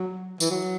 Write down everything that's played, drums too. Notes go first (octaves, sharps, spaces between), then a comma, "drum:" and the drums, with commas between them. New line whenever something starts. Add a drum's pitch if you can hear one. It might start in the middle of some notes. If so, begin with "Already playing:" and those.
Already playing: F#3
E3, drum: tambourine
F#3